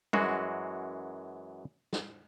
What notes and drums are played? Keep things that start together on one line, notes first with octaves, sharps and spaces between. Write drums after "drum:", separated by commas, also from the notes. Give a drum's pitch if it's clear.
F#2 E3 G#3 F#4, drum: tom G3
drum: snare